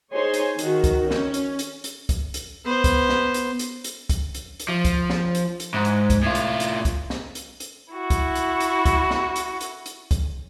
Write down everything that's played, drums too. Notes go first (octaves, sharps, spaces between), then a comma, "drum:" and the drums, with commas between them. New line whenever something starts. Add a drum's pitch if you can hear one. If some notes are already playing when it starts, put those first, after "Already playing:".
D#4 G#4 C5 C#5 G#5 C6
drum: hi-hat
D#3 F#4, drum: hi-hat
drum: kick, hi-hat
C#4, drum: snare
drum: hi-hat
drum: hi-hat
drum: hi-hat
drum: kick, hi-hat
drum: hi-hat
B3 C5
drum: kick, hi-hat
drum: snare
drum: hi-hat
drum: hi-hat
drum: hi-hat
drum: kick, hi-hat
drum: hi-hat
drum: hi-hat
F3
drum: kick, hi-hat
drum: snare
drum: hi-hat
drum: hi-hat
G#2
drum: hi-hat
drum: kick, hi-hat
A2 F4
drum: hi-hat
drum: hi-hat
drum: kick, hi-hat
drum: snare
drum: hi-hat
drum: hi-hat
E4 F#4
drum: kick, hi-hat
drum: hi-hat
drum: hi-hat
drum: kick, hi-hat
drum: snare
drum: hi-hat
drum: hi-hat
drum: hi-hat
drum: kick, hi-hat